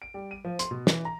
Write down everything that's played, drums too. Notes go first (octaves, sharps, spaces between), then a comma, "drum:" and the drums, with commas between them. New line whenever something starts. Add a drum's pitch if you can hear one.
D7
G3
D#7
F3
C6, drum: hi-hat
B2
E3, drum: snare
A#5